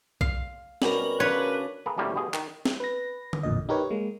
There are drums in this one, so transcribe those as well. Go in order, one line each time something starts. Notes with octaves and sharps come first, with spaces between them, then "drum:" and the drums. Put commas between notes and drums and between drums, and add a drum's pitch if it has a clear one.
F5, drum: kick B1
B2 G3 C#4 A#4 F#7, drum: snare
C#3 D4 B4 C#5
A#3 G#4 A4 B4
D2 A2 C3 G3 A#3 C#4
G2 B2 G#4
D#3, drum: clap
drum: snare
B4 A#6
drum: tom D3
A1 F2 A#2 D3 D#5
D#4 G4 A#4 B4 C#5
G#3 A#3